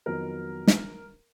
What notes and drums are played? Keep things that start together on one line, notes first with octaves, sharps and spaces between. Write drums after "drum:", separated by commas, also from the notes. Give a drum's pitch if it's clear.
F2 D#3 F#3 B3 A#4
drum: snare